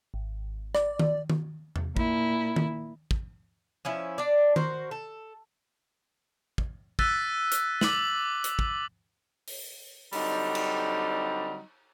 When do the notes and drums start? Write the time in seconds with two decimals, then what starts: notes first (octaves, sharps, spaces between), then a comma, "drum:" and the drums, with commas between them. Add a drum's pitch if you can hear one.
0.14 G#1
0.75 D5, drum: rim click
0.99 drum: tom D#3
1.30 drum: tom D#3
1.76 drum: tom E2
1.97 A#2 E4, drum: kick
2.56 drum: tom D#3
3.11 drum: kick
3.85 F3 C#4 E4
4.18 D4 D5
4.56 F#4 A#4 C5, drum: tom D#3
4.91 A4
6.58 drum: kick
6.99 E6 F#6 A6 B6 D#7, drum: kick
7.52 drum: hi-hat
7.81 D6 F#7, drum: snare
8.44 drum: hi-hat
8.59 drum: kick
9.48 drum: open hi-hat
10.13 D3 F#3 G3 C4 D#4, drum: open hi-hat
10.55 drum: cymbal